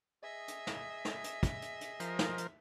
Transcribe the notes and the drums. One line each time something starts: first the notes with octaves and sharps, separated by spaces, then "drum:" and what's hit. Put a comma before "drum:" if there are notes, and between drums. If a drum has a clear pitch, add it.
G#4 D#5 E5
drum: hi-hat
drum: snare
drum: snare
drum: hi-hat
drum: kick, hi-hat
drum: hi-hat
drum: hi-hat
F3 A#4 C5, drum: hi-hat
drum: snare
drum: hi-hat